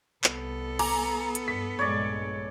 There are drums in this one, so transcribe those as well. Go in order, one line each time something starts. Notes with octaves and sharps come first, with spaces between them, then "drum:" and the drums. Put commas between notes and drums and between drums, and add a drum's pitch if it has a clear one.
C2 B3 A4, drum: clap
G#5 A#5 D6, drum: cymbal
drum: hi-hat
G2 B6
A#1 G2 G#3 C#5 D5